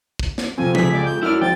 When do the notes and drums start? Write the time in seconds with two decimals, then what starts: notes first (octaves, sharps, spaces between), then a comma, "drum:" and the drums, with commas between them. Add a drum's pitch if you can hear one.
0.19 drum: kick
0.38 drum: snare
0.57 F2 C3 F3 C4 G#5
0.75 C#2 G#4 B6, drum: tom F3
0.92 G#3 G4 D5
1.05 G6
1.23 F#2 E4 D5 F6
1.41 G#1 F3 G5 A6